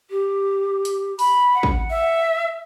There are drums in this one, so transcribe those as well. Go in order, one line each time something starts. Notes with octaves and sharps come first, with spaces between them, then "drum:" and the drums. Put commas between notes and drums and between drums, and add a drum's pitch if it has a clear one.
G4
drum: hi-hat
B5, drum: open hi-hat
F#5
drum: kick
E5